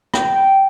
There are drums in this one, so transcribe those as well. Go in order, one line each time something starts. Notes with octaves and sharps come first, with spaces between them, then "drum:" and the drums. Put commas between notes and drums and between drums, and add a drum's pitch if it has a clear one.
G5, drum: rim click
G5